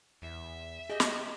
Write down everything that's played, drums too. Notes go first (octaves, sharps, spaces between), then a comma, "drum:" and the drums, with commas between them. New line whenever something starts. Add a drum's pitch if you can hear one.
E2 E5
G4 G#4 D#5
drum: snare